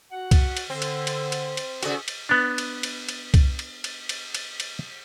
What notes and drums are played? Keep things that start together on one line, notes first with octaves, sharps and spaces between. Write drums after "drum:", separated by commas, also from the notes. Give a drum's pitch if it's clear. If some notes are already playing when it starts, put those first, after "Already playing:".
F#4 F#5
drum: kick, cymbal
drum: cymbal
D3 C4
drum: cymbal
drum: cymbal
drum: cymbal
drum: cymbal
C#3 F#4 G#4 A4, drum: cymbal
drum: cymbal
B3 D4
drum: cymbal
drum: cymbal
drum: cymbal
drum: kick, cymbal
drum: cymbal
drum: cymbal
drum: cymbal
drum: cymbal
drum: cymbal